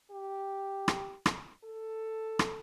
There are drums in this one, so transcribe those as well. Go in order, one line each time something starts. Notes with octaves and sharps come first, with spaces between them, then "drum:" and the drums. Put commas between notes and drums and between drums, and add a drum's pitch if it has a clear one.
G4
drum: rim click
drum: rim click
A4
drum: rim click